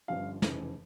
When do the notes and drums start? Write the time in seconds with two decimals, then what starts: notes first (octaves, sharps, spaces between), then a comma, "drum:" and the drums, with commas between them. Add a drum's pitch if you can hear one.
0.08 G1 G2 D3 F3 C#4 F5
0.42 F1 F2 C#3 E3, drum: snare